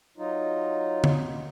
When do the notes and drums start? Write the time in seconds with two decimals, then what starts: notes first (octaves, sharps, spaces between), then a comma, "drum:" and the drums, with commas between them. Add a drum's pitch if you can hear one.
0.18 F#3 D#4 F4
1.04 drum: tom D3